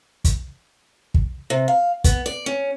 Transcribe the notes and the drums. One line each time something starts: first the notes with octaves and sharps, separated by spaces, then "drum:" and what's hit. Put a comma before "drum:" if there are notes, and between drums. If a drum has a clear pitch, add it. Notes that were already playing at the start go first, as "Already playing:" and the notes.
drum: kick, hi-hat
drum: kick
C3
F5
B3, drum: kick, hi-hat
D5
C#4